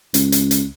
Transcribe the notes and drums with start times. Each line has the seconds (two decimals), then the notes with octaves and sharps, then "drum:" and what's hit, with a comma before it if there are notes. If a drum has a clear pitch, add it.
0.14 C#2, drum: hi-hat
0.32 drum: hi-hat
0.51 drum: hi-hat